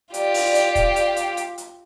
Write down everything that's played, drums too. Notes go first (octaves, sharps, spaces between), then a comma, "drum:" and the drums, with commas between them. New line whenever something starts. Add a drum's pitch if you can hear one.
F4 G4 D5, drum: hi-hat
drum: open hi-hat
drum: hi-hat
drum: kick, hi-hat
drum: hi-hat
drum: hi-hat
drum: hi-hat
drum: hi-hat